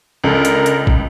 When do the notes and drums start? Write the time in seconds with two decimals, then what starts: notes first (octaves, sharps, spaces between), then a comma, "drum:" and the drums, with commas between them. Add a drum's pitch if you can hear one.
0.24 C#2 D3 A#4
0.45 drum: hi-hat
0.66 drum: hi-hat
0.87 drum: kick